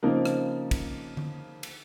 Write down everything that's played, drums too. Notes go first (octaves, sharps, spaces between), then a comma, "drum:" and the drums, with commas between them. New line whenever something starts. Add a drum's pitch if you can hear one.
C#3 F3 A#3 C4 D#4 A#4
drum: rim click
drum: kick, cymbal
drum: tom D3
drum: cymbal